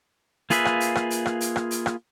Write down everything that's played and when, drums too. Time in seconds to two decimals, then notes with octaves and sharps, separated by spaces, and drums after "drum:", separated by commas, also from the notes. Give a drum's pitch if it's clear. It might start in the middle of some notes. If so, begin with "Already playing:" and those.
0.50 A#3 F4 G#4 B4 E5, drum: hi-hat
0.65 drum: rim click
0.80 drum: hi-hat
0.95 drum: rim click
1.10 drum: hi-hat
1.26 drum: rim click
1.41 drum: hi-hat
1.56 drum: rim click
1.71 drum: hi-hat
1.86 drum: rim click